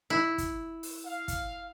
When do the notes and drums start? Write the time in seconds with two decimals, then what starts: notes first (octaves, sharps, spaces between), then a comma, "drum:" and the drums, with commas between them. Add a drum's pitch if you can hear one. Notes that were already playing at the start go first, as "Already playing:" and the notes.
0.10 E4
0.38 drum: kick, hi-hat
0.83 drum: open hi-hat
1.06 F5
1.28 drum: kick, hi-hat